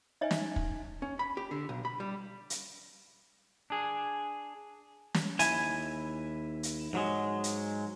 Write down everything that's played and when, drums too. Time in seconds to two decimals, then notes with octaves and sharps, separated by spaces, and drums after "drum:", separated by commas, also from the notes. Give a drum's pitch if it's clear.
0.21 D#4 C#5 D#5 E5 G#5
0.31 drum: snare
0.56 drum: kick
1.02 C#4
1.19 B5
1.37 G4
1.51 D3
1.69 B1
1.85 B5
2.00 G3
2.50 drum: hi-hat
3.70 D4 G#4
5.14 drum: snare
5.39 D#2 E4 G#5, drum: hi-hat
6.63 drum: hi-hat
6.93 G#2 F#3 G#3
7.44 drum: hi-hat